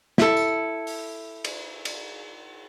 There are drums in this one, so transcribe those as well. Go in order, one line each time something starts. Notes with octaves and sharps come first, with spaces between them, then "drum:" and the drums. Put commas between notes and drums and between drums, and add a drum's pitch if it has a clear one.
E4 A4, drum: snare
drum: tambourine
drum: open hi-hat
drum: cymbal
drum: cymbal